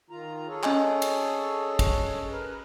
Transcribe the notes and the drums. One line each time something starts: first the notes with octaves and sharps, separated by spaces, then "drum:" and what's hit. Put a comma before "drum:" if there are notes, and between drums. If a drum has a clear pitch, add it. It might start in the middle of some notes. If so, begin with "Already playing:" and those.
D#3 F4 A#5
G#4 A4 C#5
C#4 D#5 G#5, drum: clap
drum: cymbal
drum: kick, cymbal
A#4 B4